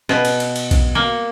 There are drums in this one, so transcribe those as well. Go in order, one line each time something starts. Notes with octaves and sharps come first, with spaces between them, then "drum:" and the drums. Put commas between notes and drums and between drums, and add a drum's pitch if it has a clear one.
B2, drum: snare
drum: cymbal
drum: cymbal
drum: cymbal
drum: kick B1, cymbal
A#3